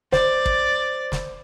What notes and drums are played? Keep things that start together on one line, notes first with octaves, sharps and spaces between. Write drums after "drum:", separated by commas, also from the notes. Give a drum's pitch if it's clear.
C5 D5, drum: snare
drum: kick
drum: snare